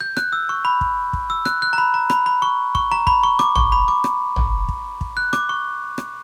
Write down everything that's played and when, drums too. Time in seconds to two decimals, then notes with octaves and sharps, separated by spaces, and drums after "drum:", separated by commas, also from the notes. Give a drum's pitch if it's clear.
0.01 G6
0.17 F#6, drum: rim click
0.33 E6
0.49 C#6
0.65 B5
0.81 drum: kick
1.13 drum: kick
1.30 E6
1.45 F#6, drum: rim click
1.62 F#6
1.73 A#5
1.78 B5
1.94 A#5
2.10 B5, drum: rim click
2.26 B5
2.42 C#6
2.75 C#6, drum: kick
2.92 A#5
3.07 B5, drum: kick
3.24 C#6
3.39 D6, drum: rim click
3.56 C#6, drum: tom
3.72 B5
3.88 D6
4.04 drum: rim click
4.36 drum: tom
4.69 drum: kick
5.01 drum: kick
5.17 F#6
5.33 D6, drum: rim click
5.49 C#6
5.98 drum: rim click